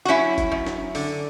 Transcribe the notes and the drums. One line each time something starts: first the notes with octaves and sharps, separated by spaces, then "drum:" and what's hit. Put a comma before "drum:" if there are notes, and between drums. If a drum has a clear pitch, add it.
F#4
F#2 C#4 E4
drum: kick F#1, hi-hat
F#2
drum: snare
D3, drum: open hi-hat